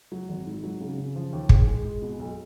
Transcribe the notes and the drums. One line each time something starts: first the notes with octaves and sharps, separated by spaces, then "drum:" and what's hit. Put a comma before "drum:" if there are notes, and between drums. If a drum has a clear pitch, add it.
F#3
G#1
G#2
F#3
C#3
C#3
F3
D#2
G#3, drum: kick
G#3
G#3
B2
B1